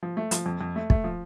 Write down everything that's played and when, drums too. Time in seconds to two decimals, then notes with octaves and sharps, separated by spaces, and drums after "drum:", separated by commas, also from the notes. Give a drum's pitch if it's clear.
0.03 F3
0.17 A3
0.31 F3, drum: hi-hat
0.46 F2
0.61 F2
0.76 A3
0.90 A3, drum: kick
1.04 F3